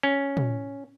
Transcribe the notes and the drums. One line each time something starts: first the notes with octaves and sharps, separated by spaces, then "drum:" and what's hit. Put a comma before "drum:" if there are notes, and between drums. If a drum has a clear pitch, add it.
C#4
drum: tom